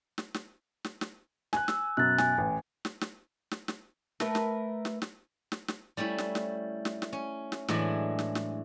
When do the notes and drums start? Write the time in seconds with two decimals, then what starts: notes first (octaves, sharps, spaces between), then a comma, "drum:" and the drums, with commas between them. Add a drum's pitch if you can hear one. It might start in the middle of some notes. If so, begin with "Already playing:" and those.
0.18 drum: snare
0.34 drum: snare
0.84 drum: snare
1.01 drum: snare
1.53 G#5 F#6, drum: snare
1.68 E6, drum: snare
1.97 F#2 B2 F#6 A6
2.18 G#5, drum: snare
2.38 A1
2.85 drum: snare
3.01 drum: snare
3.51 drum: snare
3.68 drum: snare
4.20 A3 A#4 B4, drum: snare
4.35 drum: snare
4.85 drum: snare
5.02 drum: snare
5.52 drum: snare
5.68 drum: snare
5.97 G3 A3 C#4 E4
6.18 drum: snare
6.35 drum: snare
6.85 drum: snare
7.02 drum: snare
7.13 C#4
7.52 drum: snare
7.68 A2 E3 F#3 G#3 D4 E4, drum: snare
8.19 drum: snare
8.35 drum: snare